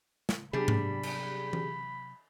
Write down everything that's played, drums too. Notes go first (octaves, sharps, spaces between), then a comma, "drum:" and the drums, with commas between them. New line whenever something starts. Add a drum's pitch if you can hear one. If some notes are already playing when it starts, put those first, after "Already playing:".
drum: snare
C3 F#3 G3 B3 D4 G4 G#4 B5
drum: tom G#2
drum: cymbal
drum: tom E3